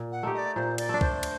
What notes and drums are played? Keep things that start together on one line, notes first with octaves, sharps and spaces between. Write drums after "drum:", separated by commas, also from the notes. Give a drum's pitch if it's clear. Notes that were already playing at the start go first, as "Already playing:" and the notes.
Already playing: A#2
F#5
A3 D#4 G4
D#5
D5
A#2 C5
D5, drum: cymbal
A3 D4
C5, drum: kick
drum: cymbal